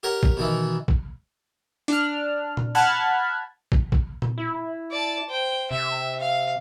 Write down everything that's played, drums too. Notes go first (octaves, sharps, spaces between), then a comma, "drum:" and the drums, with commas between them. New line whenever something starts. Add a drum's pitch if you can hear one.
G4 A#4 C#5 F#5
drum: kick
B2 D#3 E3
drum: kick
D4 F6, drum: hi-hat
drum: tom A#2
F#5 A5 B5 F6 F#6 G#6
drum: kick
drum: kick
drum: tom A#2
E4
D5 A5
C5 G5
C3 E5
F5